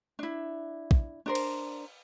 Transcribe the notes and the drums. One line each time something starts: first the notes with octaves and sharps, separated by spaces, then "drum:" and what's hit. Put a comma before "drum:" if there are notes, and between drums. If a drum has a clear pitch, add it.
D4 E4
drum: kick
D4 A#4 C5
drum: cymbal